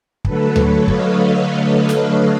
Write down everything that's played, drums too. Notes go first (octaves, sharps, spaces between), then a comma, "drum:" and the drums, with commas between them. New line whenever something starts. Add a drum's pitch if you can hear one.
D3 F#3 A3 A4 B4, drum: kick
B4 C#5, drum: tom D2
D#5 F5, drum: kick
drum: snare